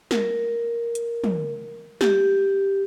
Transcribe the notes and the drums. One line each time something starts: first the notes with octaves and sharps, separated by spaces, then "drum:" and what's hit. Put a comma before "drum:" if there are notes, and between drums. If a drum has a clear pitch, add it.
A#4, drum: snare
drum: hi-hat
drum: tom
G4, drum: snare